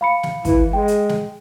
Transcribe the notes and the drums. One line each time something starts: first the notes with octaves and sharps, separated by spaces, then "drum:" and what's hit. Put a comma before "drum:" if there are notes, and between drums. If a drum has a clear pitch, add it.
F5 B5 C#7
drum: snare
E3, drum: kick, hi-hat
G#3 G5
drum: hi-hat
drum: snare